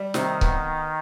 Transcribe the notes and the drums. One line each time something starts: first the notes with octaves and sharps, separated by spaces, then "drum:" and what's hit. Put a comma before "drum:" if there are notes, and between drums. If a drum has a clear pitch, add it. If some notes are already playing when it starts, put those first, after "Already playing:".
Already playing: G3
C3 D#3, drum: snare
B3, drum: kick C#1